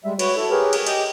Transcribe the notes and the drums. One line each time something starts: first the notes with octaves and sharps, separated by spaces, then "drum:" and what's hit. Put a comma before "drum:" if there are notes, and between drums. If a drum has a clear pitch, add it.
G3 G#3 E5
F#4 B4 C#5, drum: cymbal
E4 A4
G4 G#4 A#4 B4 C#5
drum: cymbal
G4 D#5 G5, drum: cymbal